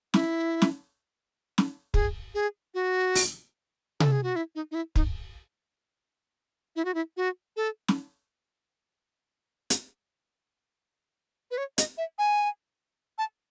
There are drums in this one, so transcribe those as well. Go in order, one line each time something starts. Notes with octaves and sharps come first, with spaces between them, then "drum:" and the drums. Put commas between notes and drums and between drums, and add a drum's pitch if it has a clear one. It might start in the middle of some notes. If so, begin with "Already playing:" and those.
E4, drum: snare
drum: snare
drum: snare
G#4, drum: kick
G#4
F#4
drum: open hi-hat
A4, drum: tom C3
G#4
F#4
E4
D#4
D#4
E4
D#4, drum: kick
E4
F#4
E4
F#4
A4
drum: snare
drum: hi-hat
B4
C#5
D#5, drum: hi-hat
E5
G#5
A5